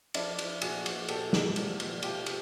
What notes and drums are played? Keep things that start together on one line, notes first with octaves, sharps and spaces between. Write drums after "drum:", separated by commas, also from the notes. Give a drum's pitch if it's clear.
F3 D4 E4, drum: cymbal
F3, drum: cymbal
A#2 F#4 G#4, drum: cymbal
F3, drum: cymbal
A#2 G4 A4, drum: cymbal
F3, drum: snare
F3, drum: cymbal
A#2, drum: cymbal
B2 F4 G4, drum: cymbal
B2, drum: cymbal